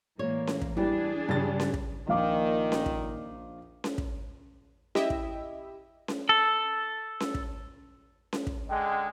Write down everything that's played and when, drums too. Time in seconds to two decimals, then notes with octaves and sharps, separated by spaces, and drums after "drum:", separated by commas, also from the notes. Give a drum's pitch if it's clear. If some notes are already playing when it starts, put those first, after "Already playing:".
0.19 A2 E3 A#3 C#5
0.47 drum: snare C#4
0.61 drum: kick
0.77 E3 G3 D4 G#4
1.29 G2 C#3 G3 F4 A6
1.60 drum: snare C#4
1.74 drum: kick
2.09 A#1 A#2 D#3 F5 D6
2.72 drum: snare C#4
2.86 drum: kick
3.84 drum: snare C#4
3.98 drum: kick
4.95 E4 G4 D#5 E5, drum: snare C#4
5.10 drum: kick
6.08 drum: snare C#4
6.29 A4
7.20 drum: snare C#4
7.34 drum: kick
8.33 drum: snare C#4
8.47 drum: kick
8.69 D3 G#3 G5